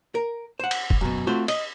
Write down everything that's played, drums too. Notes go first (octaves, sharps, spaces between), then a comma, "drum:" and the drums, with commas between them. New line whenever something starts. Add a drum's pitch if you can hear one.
A#4
C5 F#5
drum: cymbal
drum: kick
F#2 B2
A3 C4 F4 F#4 C5
D#5, drum: cymbal